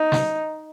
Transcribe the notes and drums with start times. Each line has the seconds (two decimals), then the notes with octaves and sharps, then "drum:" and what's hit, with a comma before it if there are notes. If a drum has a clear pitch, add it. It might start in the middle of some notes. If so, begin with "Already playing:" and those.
Already playing: D#4
0.12 drum: snare